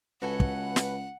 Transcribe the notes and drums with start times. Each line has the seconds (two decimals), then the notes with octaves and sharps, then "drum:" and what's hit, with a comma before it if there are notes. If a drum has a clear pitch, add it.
0.22 C#2 F#4 A4 B4 F#5 G#5
0.40 drum: kick
0.76 drum: snare